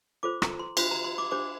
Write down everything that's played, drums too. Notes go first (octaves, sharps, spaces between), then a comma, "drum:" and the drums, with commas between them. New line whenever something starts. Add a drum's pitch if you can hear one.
F4 A4 C5 D6
A#5, drum: rim click
C6
D4 F4 C5 C6, drum: cymbal
A#5
C6
D6
D4 G4 C5 D6